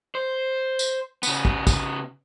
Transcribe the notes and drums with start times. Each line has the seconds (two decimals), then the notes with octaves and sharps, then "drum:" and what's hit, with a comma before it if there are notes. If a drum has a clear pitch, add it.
0.15 C5
0.79 drum: tambourine
1.23 C#3 B3, drum: tambourine
1.45 drum: kick
1.67 drum: kick, tambourine